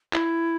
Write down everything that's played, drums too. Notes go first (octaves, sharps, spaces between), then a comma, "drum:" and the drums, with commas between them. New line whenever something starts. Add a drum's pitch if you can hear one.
E4, drum: clap